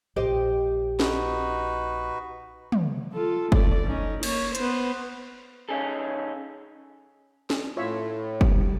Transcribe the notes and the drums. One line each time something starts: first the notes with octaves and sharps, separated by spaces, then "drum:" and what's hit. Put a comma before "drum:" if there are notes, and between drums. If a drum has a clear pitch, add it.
A#1 G4 C5 D#5
D#4 F#4 B4, drum: snare
drum: tom
F4 A4
A3 D5, drum: kick F#1
C#4 D#4
A#3 C#5, drum: cymbal
B3 C5, drum: hi-hat
C#4 D#4 G#4 A4
drum: snare
A2 F4 C#5 E5
G3, drum: kick F#1